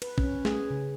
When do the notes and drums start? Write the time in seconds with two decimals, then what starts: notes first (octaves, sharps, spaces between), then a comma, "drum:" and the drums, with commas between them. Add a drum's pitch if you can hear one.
0.02 B4, drum: cymbal
0.18 C#4, drum: kick
0.45 G#4, drum: snare
0.70 C#3